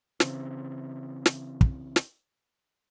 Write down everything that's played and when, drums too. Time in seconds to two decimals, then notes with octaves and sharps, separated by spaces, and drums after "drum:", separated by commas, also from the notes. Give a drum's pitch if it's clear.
0.20 C#3 E3 C4, drum: snare
1.26 drum: snare
1.61 drum: kick
1.96 drum: snare